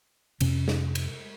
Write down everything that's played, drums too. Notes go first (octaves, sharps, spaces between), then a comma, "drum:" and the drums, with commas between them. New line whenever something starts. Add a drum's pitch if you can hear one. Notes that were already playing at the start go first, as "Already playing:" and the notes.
F2 C3 C#4, drum: cymbal
drum: snare
drum: cymbal